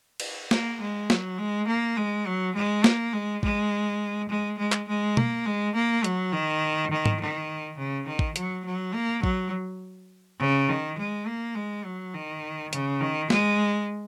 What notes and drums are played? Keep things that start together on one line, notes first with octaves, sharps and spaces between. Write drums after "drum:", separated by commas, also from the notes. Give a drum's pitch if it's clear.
drum: cymbal
A#3, drum: snare
G#3
F#3, drum: snare
G#3
A#3
G#3
F#3
G#3
A#3, drum: snare
G#3
G#3, drum: kick
G#3
G#3
drum: clap
G#3
A#3, drum: tom B2
G#3
A#3
F#3, drum: hi-hat
D#3
D#3
drum: tom G#2
D#3
C#3
D#3
drum: kick
F#3, drum: hi-hat
F#3
A#3
F#3, drum: kick
C#3
D#3
G#3
A#3
G#3
F#3
D#3
C#3, drum: hi-hat
D#3
G#3, drum: snare